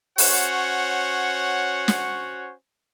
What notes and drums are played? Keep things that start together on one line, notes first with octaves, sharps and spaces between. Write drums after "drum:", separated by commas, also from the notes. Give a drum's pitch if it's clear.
C#4 F#4 C5 C#5 F#5, drum: open hi-hat
drum: snare